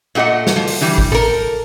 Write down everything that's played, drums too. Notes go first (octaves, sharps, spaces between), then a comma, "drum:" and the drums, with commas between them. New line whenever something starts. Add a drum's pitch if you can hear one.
A#2 A3 F#4 D#5 F#5
drum: snare
F3
drum: open hi-hat
D3 E3 G3
drum: kick G#1
A4 A#4, drum: tom A2